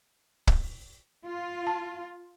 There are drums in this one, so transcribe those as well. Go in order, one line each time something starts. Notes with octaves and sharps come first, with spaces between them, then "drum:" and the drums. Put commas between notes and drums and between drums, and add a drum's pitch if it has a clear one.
drum: kick
F4
A5